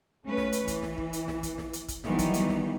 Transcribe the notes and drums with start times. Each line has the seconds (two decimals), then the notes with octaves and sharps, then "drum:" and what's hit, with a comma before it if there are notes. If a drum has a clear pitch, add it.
0.26 A3 C#4 B4
0.37 drum: snare
0.52 drum: hi-hat
0.68 E3, drum: kick, hi-hat
0.83 drum: snare
0.98 drum: kick
1.13 drum: hi-hat
1.28 drum: snare
1.43 drum: kick, hi-hat
1.58 drum: snare
1.73 drum: hi-hat
1.88 drum: kick, hi-hat
2.04 D#3 E3 F#3 G3 B3 D#4, drum: snare
2.19 drum: kick, hi-hat
2.34 drum: hi-hat
2.49 drum: snare